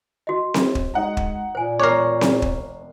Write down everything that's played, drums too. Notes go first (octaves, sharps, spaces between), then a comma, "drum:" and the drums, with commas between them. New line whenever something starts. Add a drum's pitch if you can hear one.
F#4 D#5
drum: snare C4
drum: kick
G#3 D#4 F#5 A#5
drum: kick
A#2 C5 G#5
E1 A#4 C#5 C#6 D6 F#6 C7
drum: snare C4
drum: kick